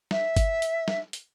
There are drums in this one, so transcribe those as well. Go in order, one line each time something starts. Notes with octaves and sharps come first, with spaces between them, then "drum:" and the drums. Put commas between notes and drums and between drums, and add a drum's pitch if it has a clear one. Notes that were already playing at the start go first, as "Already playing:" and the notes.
E5, drum: snare
drum: kick G1, hi-hat
drum: hi-hat
drum: snare
drum: hi-hat